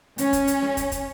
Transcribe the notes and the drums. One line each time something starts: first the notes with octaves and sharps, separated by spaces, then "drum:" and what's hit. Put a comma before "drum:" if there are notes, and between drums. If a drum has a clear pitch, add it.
C#4, drum: hi-hat
drum: kick, hi-hat
drum: hi-hat
drum: snare
drum: kick, hi-hat
drum: kick, hi-hat